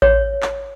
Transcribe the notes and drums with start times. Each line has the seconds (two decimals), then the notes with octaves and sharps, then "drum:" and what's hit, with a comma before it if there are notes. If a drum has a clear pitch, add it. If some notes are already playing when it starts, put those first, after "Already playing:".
0.02 C#5, drum: kick A1
0.42 drum: clap